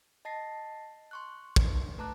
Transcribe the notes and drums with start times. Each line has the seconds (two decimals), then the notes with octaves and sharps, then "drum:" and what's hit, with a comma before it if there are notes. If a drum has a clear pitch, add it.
0.25 D#5 A5 A6 A#6 C7
1.11 C6 C#6 F#6
1.56 drum: kick
1.98 A3 B4 A5 A#5 D6 F#6